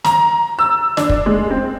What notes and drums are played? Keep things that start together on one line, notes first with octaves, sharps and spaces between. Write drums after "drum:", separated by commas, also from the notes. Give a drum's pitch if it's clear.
A#5, drum: snare
E6
D4, drum: snare
drum: kick
G#3
C4